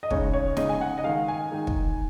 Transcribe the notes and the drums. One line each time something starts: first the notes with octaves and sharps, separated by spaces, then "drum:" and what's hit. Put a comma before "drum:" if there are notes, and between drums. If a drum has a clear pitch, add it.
D#5
C#3 G#3 D#4 C#5, drum: kick
C#5
C#3 G#3 D#4 D#5, drum: snare
G#5
F#5
D#5
D#3 G#3 D#4 F5
G#5
D#3 G#3 D#4
drum: kick